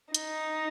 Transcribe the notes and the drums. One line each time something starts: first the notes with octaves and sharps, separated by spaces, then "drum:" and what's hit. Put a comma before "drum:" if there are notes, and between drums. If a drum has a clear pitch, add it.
D#4, drum: hi-hat